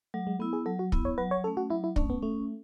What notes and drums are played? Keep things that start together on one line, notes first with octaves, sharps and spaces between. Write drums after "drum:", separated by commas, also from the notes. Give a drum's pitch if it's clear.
F#3 A3
G#3
A3 B3 E4
G#4
F#3 A4
F#4
B3 E4, drum: kick
C#5
F#3 B4
C#5
A3 C#4 A4
F#4
F#3 E4
E4
A3 C#4 D4, drum: kick
B3
A3 C#4